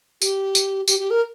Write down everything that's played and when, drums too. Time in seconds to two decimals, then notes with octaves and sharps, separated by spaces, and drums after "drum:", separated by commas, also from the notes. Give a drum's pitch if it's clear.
0.22 G4, drum: tambourine
0.55 drum: tambourine
0.88 G4, drum: tambourine
0.99 G4
1.11 A#4